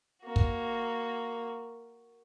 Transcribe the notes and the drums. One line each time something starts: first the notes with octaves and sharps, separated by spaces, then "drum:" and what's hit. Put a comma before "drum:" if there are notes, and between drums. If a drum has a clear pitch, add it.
A#3 F#4
drum: kick